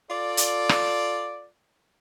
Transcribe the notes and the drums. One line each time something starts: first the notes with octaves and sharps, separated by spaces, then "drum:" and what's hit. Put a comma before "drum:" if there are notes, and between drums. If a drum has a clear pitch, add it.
F4 A4 D5
drum: hi-hat
drum: rim click